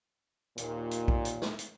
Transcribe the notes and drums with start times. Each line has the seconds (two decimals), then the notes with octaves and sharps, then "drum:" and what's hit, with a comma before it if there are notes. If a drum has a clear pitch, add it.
0.58 D#2 A#2, drum: hi-hat
0.91 drum: hi-hat
1.08 drum: kick A#1
1.25 drum: hi-hat
1.42 drum: snare
1.59 drum: hi-hat